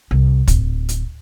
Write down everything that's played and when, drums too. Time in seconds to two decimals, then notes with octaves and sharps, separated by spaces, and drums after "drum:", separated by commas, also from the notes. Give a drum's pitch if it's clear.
0.11 C2
0.48 D1, drum: kick, hi-hat
0.89 drum: hi-hat